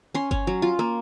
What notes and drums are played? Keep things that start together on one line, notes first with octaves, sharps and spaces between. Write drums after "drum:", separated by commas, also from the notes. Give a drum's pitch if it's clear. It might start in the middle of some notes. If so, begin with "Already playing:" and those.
C#4 C6
C#4, drum: kick G1
F#3
F4
A#3